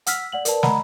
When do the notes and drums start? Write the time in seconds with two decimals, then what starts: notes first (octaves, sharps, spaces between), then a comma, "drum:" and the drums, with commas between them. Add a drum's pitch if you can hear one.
0.06 F#5 E6 F6 B6, drum: hi-hat
0.32 D5 F#5 F#7
0.45 A#4 B4 D5 A5, drum: hi-hat
0.63 D#5 F#5 A#5 B5, drum: snare